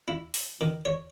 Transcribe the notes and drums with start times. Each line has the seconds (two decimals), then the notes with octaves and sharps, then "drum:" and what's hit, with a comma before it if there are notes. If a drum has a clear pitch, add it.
0.08 E4
0.34 drum: open hi-hat
0.61 D#3
0.85 C#5